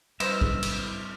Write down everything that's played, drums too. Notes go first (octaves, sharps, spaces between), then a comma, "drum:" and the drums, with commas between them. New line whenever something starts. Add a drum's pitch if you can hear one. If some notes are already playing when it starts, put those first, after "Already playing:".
G3 B4 C5 D#5 E5, drum: cymbal
drum: kick
drum: cymbal